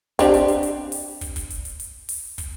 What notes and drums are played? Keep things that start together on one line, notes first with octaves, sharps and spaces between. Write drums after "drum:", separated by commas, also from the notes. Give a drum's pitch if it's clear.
C4 D4 G4, drum: kick, hi-hat
drum: hi-hat
drum: hi-hat
drum: hi-hat
drum: open hi-hat
drum: kick, hi-hat
drum: kick, hi-hat
drum: hi-hat
drum: hi-hat
drum: hi-hat
drum: open hi-hat
drum: kick, hi-hat